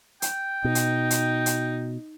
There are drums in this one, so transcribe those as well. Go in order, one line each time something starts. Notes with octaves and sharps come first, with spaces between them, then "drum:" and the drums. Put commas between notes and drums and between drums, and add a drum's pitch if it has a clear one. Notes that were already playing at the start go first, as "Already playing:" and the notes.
G5, drum: hi-hat
B2 D#4
drum: hi-hat
drum: hi-hat
drum: hi-hat